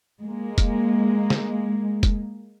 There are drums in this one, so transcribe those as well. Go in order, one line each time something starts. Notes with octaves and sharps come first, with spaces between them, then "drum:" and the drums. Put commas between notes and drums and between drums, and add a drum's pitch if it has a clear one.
G#3 A#3
drum: kick, hi-hat
drum: snare
drum: kick, hi-hat